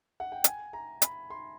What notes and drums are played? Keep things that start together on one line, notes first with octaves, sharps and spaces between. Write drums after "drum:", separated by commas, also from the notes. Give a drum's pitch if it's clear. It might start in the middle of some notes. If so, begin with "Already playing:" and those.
F#5
G5
G#5, drum: hi-hat
A#5
B5, drum: hi-hat
C6